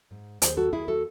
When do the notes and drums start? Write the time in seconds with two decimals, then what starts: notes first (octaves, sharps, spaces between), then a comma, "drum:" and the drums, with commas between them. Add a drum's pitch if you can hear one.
0.11 G#2
0.42 D#2 G#4 C5, drum: hi-hat
0.57 F#4 A4
0.72 D#2 E4 G#4
0.88 F#4 A4